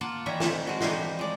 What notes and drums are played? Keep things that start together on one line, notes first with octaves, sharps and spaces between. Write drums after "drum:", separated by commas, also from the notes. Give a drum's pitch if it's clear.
A#3 F4 F#5 A5
D#3 E3 G3 C#5 E5 A#5
D#3 C4 A5, drum: snare
G#3 F#4
E3 F3 G3 D#4 C5, drum: snare
G#3 D5